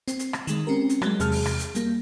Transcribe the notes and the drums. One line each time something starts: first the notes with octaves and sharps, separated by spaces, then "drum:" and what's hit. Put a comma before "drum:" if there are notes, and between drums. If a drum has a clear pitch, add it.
C4, drum: hi-hat
drum: hi-hat
drum: rim click
D#3 G#3, drum: hi-hat
C4 C#4 G4 A#4
drum: hi-hat
F#3 G#3, drum: rim click
E2 C3 G#4 A5 F6, drum: hi-hat
drum: open hi-hat
drum: rim click
drum: hi-hat
G3 A#3, drum: hi-hat